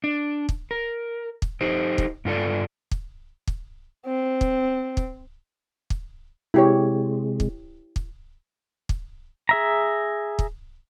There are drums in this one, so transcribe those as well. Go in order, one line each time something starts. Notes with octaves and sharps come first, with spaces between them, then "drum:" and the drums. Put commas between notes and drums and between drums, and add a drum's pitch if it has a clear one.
D4
drum: kick
A#4
drum: kick
D#4 G4 C5
drum: kick
G2 F4 A4 D5
drum: kick
drum: kick
C4
drum: kick
drum: kick
drum: kick
C3 G#3 E4 G4 C#5
drum: kick
drum: kick
drum: kick
G#4 E5 A#5
drum: kick